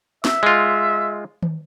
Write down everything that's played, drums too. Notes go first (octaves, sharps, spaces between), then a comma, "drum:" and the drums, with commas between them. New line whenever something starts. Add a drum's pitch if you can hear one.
E5, drum: snare
G#3 F4
drum: tom D#3